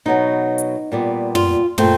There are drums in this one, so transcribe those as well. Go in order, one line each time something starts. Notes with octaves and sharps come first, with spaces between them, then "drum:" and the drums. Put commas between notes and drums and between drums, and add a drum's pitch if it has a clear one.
B2 F#3 B3 D#4
drum: hi-hat
A#2 G3 B3
F4, drum: tom
A#2 F3 A3 C4, drum: tom